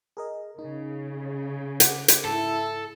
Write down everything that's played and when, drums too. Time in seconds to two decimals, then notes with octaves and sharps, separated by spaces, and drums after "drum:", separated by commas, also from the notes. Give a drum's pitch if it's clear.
0.17 G#4 A#4 D#5
0.59 C#3 D#4
1.80 F#5 D6, drum: hi-hat
2.08 drum: hi-hat
2.25 G#2 E4 A4